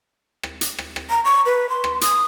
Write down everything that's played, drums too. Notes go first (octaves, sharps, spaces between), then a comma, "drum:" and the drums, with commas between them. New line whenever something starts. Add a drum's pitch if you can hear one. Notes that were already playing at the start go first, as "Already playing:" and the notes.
drum: rim click
drum: hi-hat
drum: rim click
drum: rim click
A#5
C#6
B4
C6
drum: rim click
D#6, drum: hi-hat